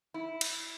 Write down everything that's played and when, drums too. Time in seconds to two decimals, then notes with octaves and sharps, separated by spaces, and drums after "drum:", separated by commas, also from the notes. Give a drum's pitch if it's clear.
0.14 E4
0.41 drum: cymbal